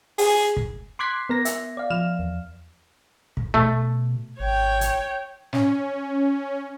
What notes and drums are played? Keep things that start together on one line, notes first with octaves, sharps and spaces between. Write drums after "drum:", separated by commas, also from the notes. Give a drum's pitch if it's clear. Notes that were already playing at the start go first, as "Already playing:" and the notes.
G#4, drum: open hi-hat
drum: kick
C6 D6 F#6 G#6 B6 C7
B3 A#4 A#6
E5, drum: hi-hat
D5 F5
F3 F6 E7
E2
drum: kick
B2 A3, drum: kick
G#1 C#5 G5
drum: hi-hat
C#4, drum: snare